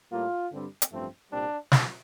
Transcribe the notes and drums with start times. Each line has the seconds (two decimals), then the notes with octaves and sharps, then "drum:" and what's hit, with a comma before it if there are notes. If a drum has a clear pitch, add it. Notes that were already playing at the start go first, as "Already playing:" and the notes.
0.11 A2 G3 A#3 F4
0.51 G2 D3 G3 C4
0.82 drum: hi-hat
0.91 A1 G2 F3 A3 C4
1.31 C2 A#2 G3 C4 D4
1.72 F3, drum: snare